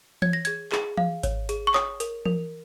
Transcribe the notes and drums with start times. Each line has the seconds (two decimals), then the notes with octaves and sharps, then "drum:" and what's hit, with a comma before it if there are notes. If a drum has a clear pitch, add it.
0.22 C#5 G#6, drum: tom E3
0.33 A#6
0.45 G#4 G#6, drum: hi-hat
0.72 G#4, drum: clap
0.97 F5, drum: tom E3
1.23 C#5, drum: kick G#1, hi-hat
1.49 G#4, drum: hi-hat
1.67 C#6
1.74 C#5 D#6, drum: clap
2.00 A#4, drum: hi-hat
2.26 A#4, drum: tom E3